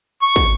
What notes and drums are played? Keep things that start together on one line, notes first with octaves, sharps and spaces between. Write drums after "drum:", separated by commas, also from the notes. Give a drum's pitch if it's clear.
C#6
drum: kick, hi-hat